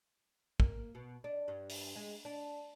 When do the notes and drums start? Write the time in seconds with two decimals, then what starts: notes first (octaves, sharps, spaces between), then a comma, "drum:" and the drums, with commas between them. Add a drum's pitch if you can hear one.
0.60 A#3, drum: kick
0.95 B2
1.24 D4
1.48 G2
1.69 drum: open hi-hat
1.96 G#3
2.25 D4